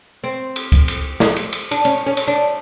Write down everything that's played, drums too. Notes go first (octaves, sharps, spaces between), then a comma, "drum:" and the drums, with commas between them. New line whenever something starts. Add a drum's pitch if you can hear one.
C4
drum: cymbal
drum: kick C#2, cymbal
drum: cymbal
drum: snare
drum: cymbal
drum: cymbal
D4, drum: cymbal
C#4, drum: cymbal
C#4
drum: cymbal
D4